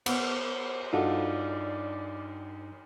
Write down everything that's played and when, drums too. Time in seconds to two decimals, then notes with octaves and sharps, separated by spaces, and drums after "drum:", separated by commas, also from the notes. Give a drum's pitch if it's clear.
0.06 B3 C5, drum: cymbal
0.93 G2 D4 D#4 F4 F#4 A4 D5